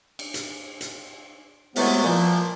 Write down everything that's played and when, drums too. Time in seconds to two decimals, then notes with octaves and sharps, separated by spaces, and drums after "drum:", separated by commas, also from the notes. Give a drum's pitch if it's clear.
0.19 drum: cymbal
0.34 drum: hi-hat
0.81 drum: hi-hat
1.76 C3 E3 F#3 G#3 A3 B3, drum: open hi-hat
2.04 A#2 F3